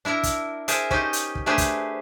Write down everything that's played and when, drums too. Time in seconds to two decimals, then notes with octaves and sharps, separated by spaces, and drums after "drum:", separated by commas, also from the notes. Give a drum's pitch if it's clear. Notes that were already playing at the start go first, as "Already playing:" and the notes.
0.05 D4 E4 A#4 A#5
0.23 drum: kick, hi-hat
0.68 G#4 A#4 C5 E5 A5, drum: hi-hat
0.91 C#4 D#4 G4 C5 D#5 G5, drum: kick
1.13 drum: hi-hat
1.35 drum: kick
1.46 A3 D4 G4 G#4 B4 C5
1.58 drum: kick, hi-hat